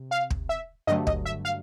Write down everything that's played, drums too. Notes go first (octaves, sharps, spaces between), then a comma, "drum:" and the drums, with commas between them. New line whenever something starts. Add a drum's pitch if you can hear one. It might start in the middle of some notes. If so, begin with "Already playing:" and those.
Already playing: C3
F5
drum: kick
E5
G2 D3 F#3 A3 D#5
D#5, drum: kick
E5
F5